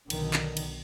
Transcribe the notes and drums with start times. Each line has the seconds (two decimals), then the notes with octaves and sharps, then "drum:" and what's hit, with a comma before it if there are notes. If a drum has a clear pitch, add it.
0.10 B1 D3 D#3, drum: cymbal
0.33 drum: clap
0.57 drum: cymbal